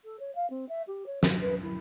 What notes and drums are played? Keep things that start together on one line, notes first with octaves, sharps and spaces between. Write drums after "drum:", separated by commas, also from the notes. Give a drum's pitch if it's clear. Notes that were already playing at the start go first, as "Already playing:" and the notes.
A4
C#5
F5
C4
E5
G4
C#5
F3, drum: snare
B4
E4